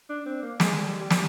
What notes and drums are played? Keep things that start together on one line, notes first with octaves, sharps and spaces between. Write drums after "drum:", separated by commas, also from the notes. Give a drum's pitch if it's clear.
D4
C4
A#3
G#3, drum: snare
G3
G3
drum: snare